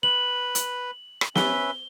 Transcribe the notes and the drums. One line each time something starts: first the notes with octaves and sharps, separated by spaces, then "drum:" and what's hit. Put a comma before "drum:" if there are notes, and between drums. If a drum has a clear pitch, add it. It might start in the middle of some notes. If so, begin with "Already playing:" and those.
B4 F#7
drum: hi-hat
drum: rim click
C#4 B4 E5 G7, drum: snare